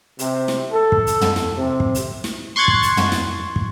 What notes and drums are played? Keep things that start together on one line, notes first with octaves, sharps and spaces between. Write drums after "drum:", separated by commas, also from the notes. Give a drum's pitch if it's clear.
C3, drum: hi-hat
drum: snare
A4
drum: kick
drum: hi-hat
drum: tom
drum: snare
C3
drum: kick
drum: hi-hat
drum: snare
C6 C#6 F#6 G#6 A6
drum: kick
drum: hi-hat
drum: tom
drum: snare
drum: kick